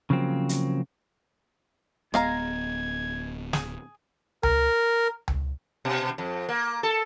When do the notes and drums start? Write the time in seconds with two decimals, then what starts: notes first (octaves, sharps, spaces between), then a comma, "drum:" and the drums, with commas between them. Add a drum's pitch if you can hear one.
0.10 C#3 F3 F#3 A#3 C4
0.49 drum: hi-hat
2.14 D1 G#3 B3 F5 A#5 G#6, drum: rim click
3.53 G#4, drum: snare
4.43 A#4, drum: tom C#2
5.28 drum: tom C#2
5.85 B2
6.18 F2
6.49 A#3
6.83 A4